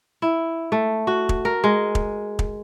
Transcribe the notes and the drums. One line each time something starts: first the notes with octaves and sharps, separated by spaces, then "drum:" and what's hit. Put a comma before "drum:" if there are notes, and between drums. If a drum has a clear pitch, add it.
E4
A3
F#4
drum: kick
A#4
G#3
drum: kick
drum: kick